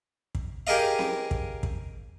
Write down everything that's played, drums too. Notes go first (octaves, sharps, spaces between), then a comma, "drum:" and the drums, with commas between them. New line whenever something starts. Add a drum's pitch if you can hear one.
drum: kick
G4 G#4 A#4 D#5 F5
drum: snare C4
drum: kick
drum: kick